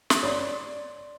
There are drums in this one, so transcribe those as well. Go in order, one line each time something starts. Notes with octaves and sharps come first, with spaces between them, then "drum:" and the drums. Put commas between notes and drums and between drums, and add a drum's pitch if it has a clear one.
drum: snare
C#5 D5 C6